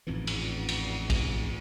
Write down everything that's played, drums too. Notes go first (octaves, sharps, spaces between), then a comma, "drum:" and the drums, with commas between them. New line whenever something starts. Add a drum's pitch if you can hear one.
A1 F2 G#2 E3
drum: cymbal
drum: cymbal
drum: kick, cymbal